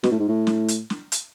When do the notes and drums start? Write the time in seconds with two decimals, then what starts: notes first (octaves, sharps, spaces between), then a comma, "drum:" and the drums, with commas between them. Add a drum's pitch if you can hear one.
0.03 B2, drum: snare
0.11 A2
0.19 G#2
0.28 A2
0.47 drum: snare
0.68 drum: hi-hat
0.90 drum: snare
1.12 drum: hi-hat